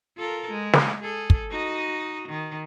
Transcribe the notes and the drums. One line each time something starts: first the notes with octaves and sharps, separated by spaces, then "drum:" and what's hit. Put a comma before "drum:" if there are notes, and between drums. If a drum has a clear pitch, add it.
F4 A4 A#4
G#3
drum: snare
G#4 A4
drum: kick
D#4 F#4 D#5
D#3